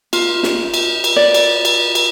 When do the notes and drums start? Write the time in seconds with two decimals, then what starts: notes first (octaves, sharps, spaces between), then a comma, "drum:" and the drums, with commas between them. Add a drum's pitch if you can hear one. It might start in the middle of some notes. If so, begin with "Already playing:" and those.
0.13 F4, drum: cymbal
0.43 drum: snare
0.74 drum: cymbal
1.04 drum: cymbal
1.16 D5
1.34 drum: cymbal
1.65 drum: cymbal
1.95 drum: cymbal